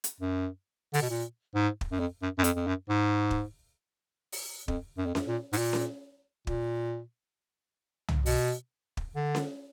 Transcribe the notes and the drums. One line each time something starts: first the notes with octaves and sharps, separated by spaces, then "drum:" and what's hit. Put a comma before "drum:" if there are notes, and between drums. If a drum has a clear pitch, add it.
drum: hi-hat
F#2
D3, drum: open hi-hat
B2
A#2
G#2
drum: kick
F#2
F2
F#2
F#2
F2, drum: hi-hat
F2
F#2
G#2
drum: kick
drum: open hi-hat
F2, drum: kick
F#2
F2
F#2, drum: snare C#4
A#2
G#2, drum: open hi-hat
A#2
drum: snare C#4
A#2, drum: kick
drum: tom
B2, drum: open hi-hat
drum: kick
D3
drum: snare C#4